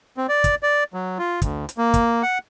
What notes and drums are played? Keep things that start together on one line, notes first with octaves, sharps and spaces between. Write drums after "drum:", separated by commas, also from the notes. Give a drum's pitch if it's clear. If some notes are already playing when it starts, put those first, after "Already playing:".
C4
D5
drum: kick, hi-hat
D5
F#3
F4
D2, drum: kick, hi-hat
drum: hi-hat
A#3
drum: kick, hi-hat
F#5